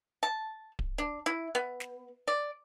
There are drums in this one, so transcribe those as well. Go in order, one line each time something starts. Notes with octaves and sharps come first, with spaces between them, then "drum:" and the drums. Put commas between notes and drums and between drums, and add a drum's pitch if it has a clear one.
A5
drum: kick D1
D4
E4
B3
drum: snare
D5